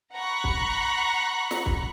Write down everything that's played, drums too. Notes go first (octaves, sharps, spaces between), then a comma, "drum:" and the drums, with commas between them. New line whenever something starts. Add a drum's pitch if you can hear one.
F#5 A#5 B5 C#6 F#6
drum: kick
drum: snare
drum: kick